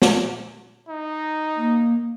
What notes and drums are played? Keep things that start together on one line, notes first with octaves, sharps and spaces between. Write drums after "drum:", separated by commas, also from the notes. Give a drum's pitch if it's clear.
drum: snare
D#4
A#3